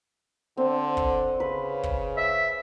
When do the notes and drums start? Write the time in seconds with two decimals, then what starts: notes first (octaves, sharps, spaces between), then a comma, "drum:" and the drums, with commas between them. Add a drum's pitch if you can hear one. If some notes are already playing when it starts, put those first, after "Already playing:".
0.57 D3 C4
0.97 drum: kick
1.40 C#3 B4
1.83 drum: kick
2.17 E5